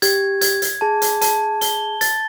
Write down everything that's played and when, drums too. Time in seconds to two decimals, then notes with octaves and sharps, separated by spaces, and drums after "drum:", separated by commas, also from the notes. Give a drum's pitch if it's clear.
0.02 G4 G#6, drum: hi-hat
0.41 G#6, drum: hi-hat
0.62 drum: hi-hat
0.81 G#4 A5
1.02 drum: hi-hat
1.21 A5, drum: hi-hat
1.61 G7, drum: hi-hat
2.01 A6, drum: hi-hat